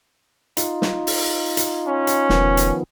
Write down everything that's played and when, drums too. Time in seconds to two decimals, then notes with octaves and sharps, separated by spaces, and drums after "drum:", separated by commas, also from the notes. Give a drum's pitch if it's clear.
0.57 D#4 F4, drum: hi-hat
0.82 drum: snare
1.07 drum: open hi-hat
1.57 drum: hi-hat
1.87 C#4
2.07 drum: hi-hat
2.29 E1 D#3 F3 B3, drum: snare
2.57 drum: hi-hat